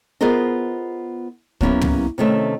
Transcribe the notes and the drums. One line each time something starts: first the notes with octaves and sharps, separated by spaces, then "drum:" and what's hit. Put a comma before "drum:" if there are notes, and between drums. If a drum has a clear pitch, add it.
B3 F4 G#4 A#4 C5 D#5
F#3 A#3 B3 C#4 E4 G4, drum: kick
drum: tom
C3 D#3 A3 C#4